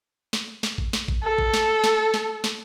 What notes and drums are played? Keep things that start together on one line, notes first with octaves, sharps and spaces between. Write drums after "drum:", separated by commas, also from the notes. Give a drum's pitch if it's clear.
drum: snare
drum: snare
drum: kick A1
drum: snare
drum: kick A1
A4
drum: kick A1
drum: snare
drum: snare
drum: snare
drum: snare